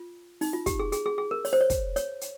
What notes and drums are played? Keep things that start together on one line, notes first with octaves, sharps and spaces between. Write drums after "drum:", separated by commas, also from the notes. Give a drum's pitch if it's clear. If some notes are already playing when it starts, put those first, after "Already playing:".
Already playing: F4
D#4, drum: open hi-hat
F4
G4, drum: kick, hi-hat
G#4
G#4, drum: hi-hat
G#4
G#4
A#4
C#5, drum: open hi-hat
C5
C#5
drum: kick, hi-hat
C#5, drum: hi-hat
drum: hi-hat